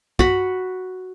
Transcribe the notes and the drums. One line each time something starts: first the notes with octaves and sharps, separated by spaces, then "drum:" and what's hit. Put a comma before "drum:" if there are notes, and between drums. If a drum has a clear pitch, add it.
F#4 B5, drum: kick